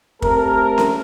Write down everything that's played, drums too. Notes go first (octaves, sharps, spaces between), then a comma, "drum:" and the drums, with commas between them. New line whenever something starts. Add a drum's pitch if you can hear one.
A3 C4 G4 A4 A#4, drum: kick
drum: snare C#4